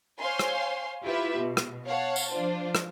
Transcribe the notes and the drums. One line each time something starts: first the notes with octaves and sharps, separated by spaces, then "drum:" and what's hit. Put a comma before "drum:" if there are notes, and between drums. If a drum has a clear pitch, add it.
C5 C#5 F5 G#5 C6
drum: rim click
E4 F4 G4 B4 E5
B2
drum: rim click
C#5 F5 F#5 A5
drum: tambourine
F3 D4 F4 C5
drum: rim click